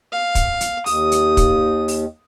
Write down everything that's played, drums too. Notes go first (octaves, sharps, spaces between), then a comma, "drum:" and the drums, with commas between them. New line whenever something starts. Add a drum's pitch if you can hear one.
F5
drum: kick, hi-hat
drum: hi-hat
D#2 D#6, drum: open hi-hat
drum: hi-hat
drum: kick, hi-hat
drum: open hi-hat